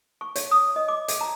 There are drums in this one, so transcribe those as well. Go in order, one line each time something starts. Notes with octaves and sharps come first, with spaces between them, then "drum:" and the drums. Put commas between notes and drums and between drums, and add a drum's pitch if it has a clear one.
C#6
C#5, drum: hi-hat
D#6
D#5
D6
drum: hi-hat
A#5